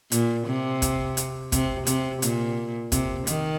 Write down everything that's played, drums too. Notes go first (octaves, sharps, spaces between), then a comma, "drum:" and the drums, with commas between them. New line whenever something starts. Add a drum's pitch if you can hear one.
A#2, drum: hi-hat
C3
drum: kick, hi-hat
drum: hi-hat
C3, drum: kick, hi-hat
C3, drum: hi-hat
A#2, drum: hi-hat
C3, drum: kick, hi-hat
D#3, drum: hi-hat